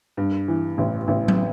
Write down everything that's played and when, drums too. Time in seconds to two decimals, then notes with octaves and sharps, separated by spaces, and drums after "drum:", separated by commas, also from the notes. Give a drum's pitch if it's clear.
0.17 G2
0.48 E3
0.78 A1
1.08 A1
1.28 drum: tom F#3